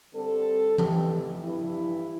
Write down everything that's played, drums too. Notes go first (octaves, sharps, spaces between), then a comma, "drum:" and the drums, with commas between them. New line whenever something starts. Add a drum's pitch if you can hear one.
D3 G3 C4 A4
F2 E3 A3 G4, drum: tom E3
G2 E3 G3 E4